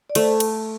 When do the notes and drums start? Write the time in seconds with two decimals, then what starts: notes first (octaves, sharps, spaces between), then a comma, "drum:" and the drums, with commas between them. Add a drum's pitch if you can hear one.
0.10 D5
0.15 A3 C5, drum: cymbal
0.28 A4
0.40 drum: cymbal